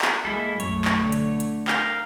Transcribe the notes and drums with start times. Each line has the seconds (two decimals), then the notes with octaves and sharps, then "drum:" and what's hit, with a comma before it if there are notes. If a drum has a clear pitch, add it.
0.02 drum: clap
0.25 G#3 A#3 E4 A4
0.60 B1 F#2 A3 C#5, drum: hi-hat
0.85 drum: clap
1.02 D3
1.12 drum: hi-hat
1.40 drum: hi-hat
1.68 A#4 F5 G5, drum: clap